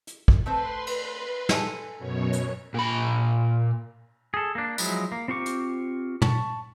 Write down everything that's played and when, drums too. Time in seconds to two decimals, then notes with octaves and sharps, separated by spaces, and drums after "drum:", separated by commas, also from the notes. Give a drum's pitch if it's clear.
0.07 drum: hi-hat
0.28 drum: kick
0.46 A3 C4 B4 C5 C6
0.87 drum: cymbal
1.49 A4 G#5, drum: snare
1.98 F#2 B2 C#5
2.33 drum: hi-hat
2.74 A#2 B5
4.34 G#4 A4
4.55 A#3 D4
4.78 F3 F#3 G#3 D#4 E4, drum: tambourine
5.12 A#3
5.28 C4 F4 G4 C#6 D6
5.46 drum: hi-hat
6.22 A5 C#6, drum: tom